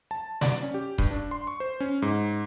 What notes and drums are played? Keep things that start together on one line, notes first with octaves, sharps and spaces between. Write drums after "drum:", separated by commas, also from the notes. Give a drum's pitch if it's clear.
A5
D5, drum: snare
C#4
G4
G2, drum: kick D#1
D4
C6
C#6
C5
C#4
G#2